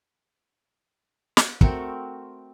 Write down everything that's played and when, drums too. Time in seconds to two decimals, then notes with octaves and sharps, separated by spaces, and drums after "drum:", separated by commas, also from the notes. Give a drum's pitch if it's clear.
1.37 drum: snare
1.61 A3 C4 F#4 A#4, drum: kick